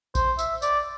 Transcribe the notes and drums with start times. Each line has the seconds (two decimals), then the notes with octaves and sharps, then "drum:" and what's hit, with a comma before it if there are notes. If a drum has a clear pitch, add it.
0.15 C5, drum: kick A1, tambourine
0.39 E5, drum: tambourine
0.62 D5, drum: tambourine